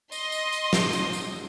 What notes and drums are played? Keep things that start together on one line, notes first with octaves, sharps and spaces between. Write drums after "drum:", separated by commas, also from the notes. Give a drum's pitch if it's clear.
D#5 C6, drum: tambourine
drum: tambourine
drum: tambourine
drum: snare
drum: tambourine
drum: tambourine